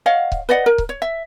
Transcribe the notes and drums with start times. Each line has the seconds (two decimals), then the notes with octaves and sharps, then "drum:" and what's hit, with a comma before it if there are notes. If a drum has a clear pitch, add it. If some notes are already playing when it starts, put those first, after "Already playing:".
0.06 C#5 D#5 F5 F#5
0.32 drum: kick C#1
0.49 B4 D5 D#5 F#5
0.66 A#4
0.78 drum: kick C#1
0.89 C#5
1.02 E5